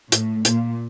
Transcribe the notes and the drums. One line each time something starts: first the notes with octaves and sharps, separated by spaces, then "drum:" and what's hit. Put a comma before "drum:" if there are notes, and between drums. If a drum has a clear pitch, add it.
A2, drum: hi-hat
A#2, drum: hi-hat